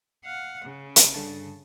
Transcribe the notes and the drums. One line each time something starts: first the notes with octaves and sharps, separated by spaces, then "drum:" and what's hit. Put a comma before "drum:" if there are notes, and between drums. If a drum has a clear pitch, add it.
F5 F#5
C#3
drum: hi-hat
G2 D3 A5